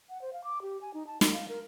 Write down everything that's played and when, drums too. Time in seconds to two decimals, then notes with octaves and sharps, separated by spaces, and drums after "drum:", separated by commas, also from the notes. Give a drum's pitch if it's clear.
0.10 F#5
0.22 C5
0.33 F5
0.44 D6
0.62 G4
0.81 G#5
0.94 D#4
1.07 A5
1.21 D#4, drum: snare
1.33 F5
1.49 A#4